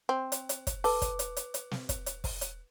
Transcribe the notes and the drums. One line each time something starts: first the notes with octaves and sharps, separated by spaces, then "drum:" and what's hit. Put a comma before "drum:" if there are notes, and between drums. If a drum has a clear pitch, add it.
C4
drum: hi-hat
drum: hi-hat
drum: kick, hi-hat
A4 B4 D6, drum: open hi-hat
drum: kick, hi-hat
drum: hi-hat
drum: hi-hat
drum: hi-hat
drum: snare
drum: kick, hi-hat
drum: hi-hat
drum: kick, open hi-hat
drum: hi-hat